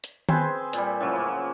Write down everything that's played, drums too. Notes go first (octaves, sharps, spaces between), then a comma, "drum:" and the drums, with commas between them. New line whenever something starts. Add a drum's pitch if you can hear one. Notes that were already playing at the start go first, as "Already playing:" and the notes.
drum: hi-hat
C4 G#4 B4 C5, drum: tom D#3
A#2 G3, drum: hi-hat
A2 C#3 F3 F#3
A#3